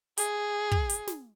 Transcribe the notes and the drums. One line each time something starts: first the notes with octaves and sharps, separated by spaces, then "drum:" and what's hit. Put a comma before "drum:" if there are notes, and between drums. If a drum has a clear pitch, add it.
G#4, drum: hi-hat
drum: kick
drum: hi-hat
drum: snare